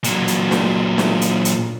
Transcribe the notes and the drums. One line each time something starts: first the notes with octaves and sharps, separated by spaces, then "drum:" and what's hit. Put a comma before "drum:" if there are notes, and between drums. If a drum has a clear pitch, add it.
A#2 F#3, drum: hi-hat
drum: hi-hat
drum: snare
drum: snare
drum: hi-hat
drum: hi-hat